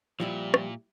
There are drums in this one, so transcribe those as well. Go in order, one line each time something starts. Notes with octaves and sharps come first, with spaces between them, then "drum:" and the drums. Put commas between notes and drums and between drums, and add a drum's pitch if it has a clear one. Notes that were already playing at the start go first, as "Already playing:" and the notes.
A#2 F3 G3 E4
drum: rim click